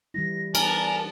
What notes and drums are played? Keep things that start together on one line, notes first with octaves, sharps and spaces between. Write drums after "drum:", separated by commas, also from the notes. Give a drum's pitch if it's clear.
E3 G3 E4 A#6
B3 D4 A#4 G#5 A5, drum: cymbal